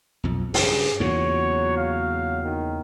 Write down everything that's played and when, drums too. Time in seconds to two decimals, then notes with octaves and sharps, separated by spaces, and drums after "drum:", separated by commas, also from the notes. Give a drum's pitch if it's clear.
0.23 B1 F2
0.54 G2 C#3 G#4, drum: open hi-hat
1.00 E2 A#2 C#3 F#4 C#5
1.37 F#3
1.77 F5
2.44 D#3